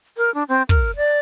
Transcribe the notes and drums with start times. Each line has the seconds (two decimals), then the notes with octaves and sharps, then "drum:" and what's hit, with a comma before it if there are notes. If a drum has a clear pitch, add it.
0.17 A#4
0.34 D4
0.49 C4
0.69 A#4, drum: kick
0.96 D5